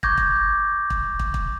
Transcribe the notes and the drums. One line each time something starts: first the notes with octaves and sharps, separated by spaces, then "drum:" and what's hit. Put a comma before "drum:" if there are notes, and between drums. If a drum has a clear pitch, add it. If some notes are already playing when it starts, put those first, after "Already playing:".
C#6 D6 G6 G#6 A#6, drum: kick
drum: kick
drum: kick
drum: kick
drum: kick